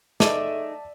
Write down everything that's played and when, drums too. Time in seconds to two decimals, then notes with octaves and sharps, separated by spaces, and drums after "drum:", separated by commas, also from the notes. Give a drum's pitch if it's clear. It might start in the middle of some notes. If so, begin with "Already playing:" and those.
0.20 A3 D#4 G#4 D5 E5 A5 E6 D#7, drum: snare